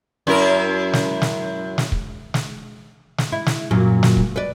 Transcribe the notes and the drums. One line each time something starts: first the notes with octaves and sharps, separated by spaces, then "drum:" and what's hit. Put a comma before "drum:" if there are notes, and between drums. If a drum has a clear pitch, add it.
F#2 E4 A#4
drum: snare
drum: snare
drum: snare
drum: kick
drum: snare
drum: snare
E4
drum: snare
F#2 A#2 F#3
drum: snare
drum: kick
B4 D5